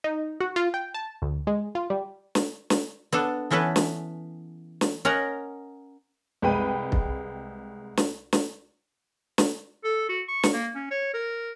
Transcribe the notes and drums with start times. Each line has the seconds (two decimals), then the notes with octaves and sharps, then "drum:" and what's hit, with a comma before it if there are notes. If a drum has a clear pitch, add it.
0.04 D#4
0.40 F#4
0.56 F4
0.74 G5
0.94 A5
1.22 D2
1.47 G#3
1.75 F4
1.90 G3
2.35 drum: snare
2.70 drum: snare
3.12 B3 D4 A4
3.51 E3 B3 C#4 A4 B4
3.76 drum: snare
4.81 drum: snare
5.05 C#4 A#4 D#5 F#5
6.42 C2 G#3 B4 G5 B5 D#7
6.92 drum: kick
7.97 drum: snare
8.33 drum: snare
9.38 drum: snare
9.84 A4
10.09 F#4
10.28 C#6
10.43 drum: snare
10.53 A#3
10.75 C#4
10.91 C#5
11.14 A#4